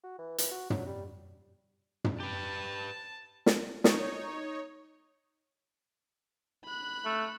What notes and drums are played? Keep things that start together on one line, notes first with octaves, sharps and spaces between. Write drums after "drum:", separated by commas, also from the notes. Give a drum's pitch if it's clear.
F#4
E3
E3, drum: hi-hat
F#4
F#3, drum: tom
G3
drum: tom
G4 B4 A5
drum: snare
D#4 C#5, drum: snare
B5 F#6
A3